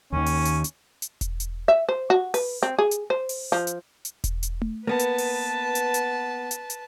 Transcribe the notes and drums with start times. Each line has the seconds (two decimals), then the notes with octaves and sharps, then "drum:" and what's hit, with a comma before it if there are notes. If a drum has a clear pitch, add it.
0.13 D#2 D#3 C#4
0.26 drum: open hi-hat
0.45 drum: hi-hat
0.64 drum: hi-hat
1.02 drum: hi-hat
1.21 drum: kick E1, hi-hat
1.40 drum: hi-hat
1.68 E5
1.89 C5
2.10 F#4
2.34 B4, drum: open hi-hat
2.63 C4
2.78 G#4
2.91 drum: hi-hat
3.10 C5
3.29 drum: open hi-hat
3.52 F3
3.67 drum: hi-hat
4.05 drum: hi-hat
4.24 drum: kick E1, hi-hat
4.43 drum: hi-hat
4.62 drum: tom A3
4.87 A#3 B3 B4 A5
4.99 drum: hi-hat
5.18 drum: open hi-hat
5.75 drum: hi-hat
5.94 drum: hi-hat
6.51 drum: hi-hat
6.70 drum: hi-hat